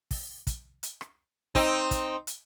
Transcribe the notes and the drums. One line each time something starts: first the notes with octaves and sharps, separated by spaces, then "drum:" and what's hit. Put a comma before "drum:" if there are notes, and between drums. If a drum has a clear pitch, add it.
drum: kick, open hi-hat
drum: kick, hi-hat
drum: hi-hat
drum: rim click
C4 D#4, drum: kick
drum: kick, hi-hat
drum: hi-hat